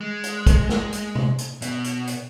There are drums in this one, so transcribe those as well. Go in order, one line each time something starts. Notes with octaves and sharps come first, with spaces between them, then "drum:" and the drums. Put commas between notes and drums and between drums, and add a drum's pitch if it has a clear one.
G#3
drum: hi-hat
drum: kick, hi-hat
drum: snare
drum: hi-hat
drum: tom C3
drum: hi-hat
B2, drum: hi-hat
drum: hi-hat
drum: hi-hat